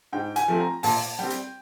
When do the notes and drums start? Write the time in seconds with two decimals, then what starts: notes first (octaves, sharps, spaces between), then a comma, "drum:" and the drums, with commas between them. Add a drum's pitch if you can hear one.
0.13 G#2 G5
0.36 G#5, drum: hi-hat
0.48 F3 A3 C4
0.60 A#5
0.83 A#2 A5, drum: open hi-hat
1.19 G3 C4 G5
1.30 drum: hi-hat